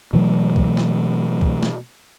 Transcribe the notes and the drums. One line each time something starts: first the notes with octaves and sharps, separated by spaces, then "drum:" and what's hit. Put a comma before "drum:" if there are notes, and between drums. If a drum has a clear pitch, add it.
B2 E3 F#3 A3
drum: kick
drum: snare
drum: kick
drum: snare